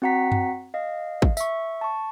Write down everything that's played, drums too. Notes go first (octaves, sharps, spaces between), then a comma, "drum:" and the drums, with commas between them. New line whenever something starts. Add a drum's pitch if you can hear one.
C4 F#4 F#5 A#5 B6
drum: tom F#2
D#5 F5
drum: kick
E5 C#6, drum: tambourine
A5 C#6